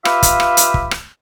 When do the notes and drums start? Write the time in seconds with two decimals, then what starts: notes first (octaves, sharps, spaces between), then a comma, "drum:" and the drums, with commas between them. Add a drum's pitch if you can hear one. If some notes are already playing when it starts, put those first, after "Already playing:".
0.05 F4 G4 B4 E5 F5, drum: rim click
0.23 drum: kick, hi-hat
0.40 drum: rim click
0.57 drum: hi-hat
0.74 drum: kick
0.91 drum: rim click